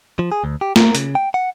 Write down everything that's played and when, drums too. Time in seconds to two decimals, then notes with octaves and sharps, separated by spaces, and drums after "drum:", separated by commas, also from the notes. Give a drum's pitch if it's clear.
0.19 F3
0.32 G#4
0.44 D2
0.61 G4
0.76 A#4, drum: snare
0.95 C#3, drum: hi-hat
1.15 G5
1.34 F#5